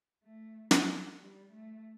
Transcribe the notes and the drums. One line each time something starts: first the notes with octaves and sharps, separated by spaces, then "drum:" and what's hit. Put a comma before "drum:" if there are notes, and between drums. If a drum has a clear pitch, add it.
A3
F#3, drum: snare
G3
A3